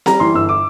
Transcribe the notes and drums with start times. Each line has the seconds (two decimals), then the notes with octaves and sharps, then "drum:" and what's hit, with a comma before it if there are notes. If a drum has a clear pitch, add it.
0.06 G3 A#5, drum: snare C4
0.20 E3 C6
0.34 G1 E6
0.49 D6